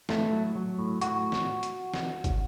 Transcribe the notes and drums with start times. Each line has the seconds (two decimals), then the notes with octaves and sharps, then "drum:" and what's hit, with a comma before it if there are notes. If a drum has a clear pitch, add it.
0.09 A2 A3, drum: snare
0.32 F#3
0.55 F#3
0.79 A2
1.01 A2 F#4, drum: hi-hat
1.32 drum: snare
1.63 drum: hi-hat
1.94 drum: snare
2.24 drum: kick, hi-hat